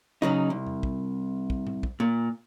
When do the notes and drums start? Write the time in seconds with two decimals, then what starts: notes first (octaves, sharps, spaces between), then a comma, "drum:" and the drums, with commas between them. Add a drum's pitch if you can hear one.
0.22 C#3 F#3 D#4
0.50 C2
0.67 drum: tom E2
0.83 drum: kick
1.50 drum: kick
1.67 drum: tom A2
1.83 drum: kick
2.00 A#2